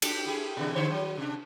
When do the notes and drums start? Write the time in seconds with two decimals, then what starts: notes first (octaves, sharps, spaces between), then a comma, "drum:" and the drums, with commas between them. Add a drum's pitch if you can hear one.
0.02 D4 G4, drum: cymbal
0.25 E4 G4 G#4
0.57 B2 D3 E3
0.75 D3 C5 C#5
0.90 D#3 F#3
1.17 C3 D4